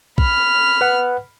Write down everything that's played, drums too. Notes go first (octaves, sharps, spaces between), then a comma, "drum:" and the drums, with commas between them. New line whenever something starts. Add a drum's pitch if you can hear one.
B5 F6, drum: kick
B4 F#5